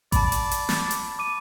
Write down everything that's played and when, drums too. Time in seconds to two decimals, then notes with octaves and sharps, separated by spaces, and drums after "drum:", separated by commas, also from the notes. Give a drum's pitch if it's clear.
0.12 D5 A5 B5, drum: kick A1, hi-hat
0.32 drum: hi-hat
0.51 drum: hi-hat
0.69 A6, drum: snare
0.91 drum: hi-hat
1.19 D6 D#7